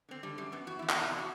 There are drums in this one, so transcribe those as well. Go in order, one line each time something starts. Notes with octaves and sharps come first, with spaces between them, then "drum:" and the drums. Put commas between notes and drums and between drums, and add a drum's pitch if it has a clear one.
D3 C4
D3 G3
F#2 G3
F#2 B3
E2 F#4
E4
E2
F#4, drum: clap
C3 E4
F#4